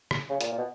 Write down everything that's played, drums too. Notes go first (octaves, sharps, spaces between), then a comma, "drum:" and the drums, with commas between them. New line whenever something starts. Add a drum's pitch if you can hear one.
drum: rim click
C#3
A#2, drum: hi-hat
A#2
B2